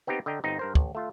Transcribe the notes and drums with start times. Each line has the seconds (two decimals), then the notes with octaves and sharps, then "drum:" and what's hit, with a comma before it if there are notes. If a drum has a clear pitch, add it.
0.07 B3 C4 D#4 G4
0.26 D3 D#5 G5 A#5
0.44 G1 C4 D#4
0.59 G2 A#4 C5
0.75 A1, drum: kick
0.95 A3 F4